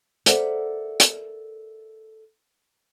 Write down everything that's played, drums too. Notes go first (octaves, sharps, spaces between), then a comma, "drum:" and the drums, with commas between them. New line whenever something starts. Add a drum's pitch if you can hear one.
A4 A#4 C5 D5 E5 F#5, drum: hi-hat
drum: hi-hat